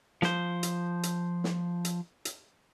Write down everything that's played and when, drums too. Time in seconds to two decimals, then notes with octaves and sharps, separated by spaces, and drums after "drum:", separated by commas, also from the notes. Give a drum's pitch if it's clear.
0.22 F3 C5, drum: snare
0.63 drum: hi-hat
1.03 drum: hi-hat
1.44 drum: snare
1.85 drum: hi-hat
2.25 drum: hi-hat